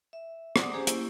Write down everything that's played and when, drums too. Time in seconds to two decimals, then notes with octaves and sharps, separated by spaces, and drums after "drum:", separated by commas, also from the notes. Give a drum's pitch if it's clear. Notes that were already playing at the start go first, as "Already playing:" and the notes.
0.13 E5
0.56 D5 F#5 D6 D#6, drum: rim click
0.72 C#4 G4 G#4 C5 G#5 A#5
0.87 A#3 E4 G4 C#6, drum: hi-hat